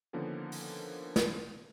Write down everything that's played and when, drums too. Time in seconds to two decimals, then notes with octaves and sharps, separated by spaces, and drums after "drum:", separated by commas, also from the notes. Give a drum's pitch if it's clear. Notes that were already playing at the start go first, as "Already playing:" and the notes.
0.13 D3 D#3 F3 A#3 B3 C#4
0.52 drum: open hi-hat
1.16 drum: snare